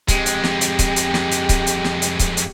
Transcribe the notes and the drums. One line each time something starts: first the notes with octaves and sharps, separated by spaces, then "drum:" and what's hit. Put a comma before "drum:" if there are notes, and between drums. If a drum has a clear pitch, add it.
F2 G#3 G4, drum: kick C#1, hi-hat
drum: hi-hat
drum: snare
drum: hi-hat
drum: kick C#1, hi-hat
drum: hi-hat
drum: snare
drum: hi-hat
drum: kick C#1, hi-hat
drum: hi-hat
drum: snare
drum: hi-hat
drum: kick C#1, hi-hat
drum: hi-hat